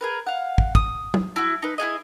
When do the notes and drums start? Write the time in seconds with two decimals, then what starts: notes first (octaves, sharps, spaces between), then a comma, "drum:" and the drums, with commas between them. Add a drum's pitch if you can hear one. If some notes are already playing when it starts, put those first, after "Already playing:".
0.01 G#4 A#4 B4
0.27 F5 F#5
0.58 drum: kick
0.75 D#6, drum: kick
1.14 drum: tom
1.36 E4 F#4
1.62 D#4 B4
1.78 E4 F#4 G#4 D#5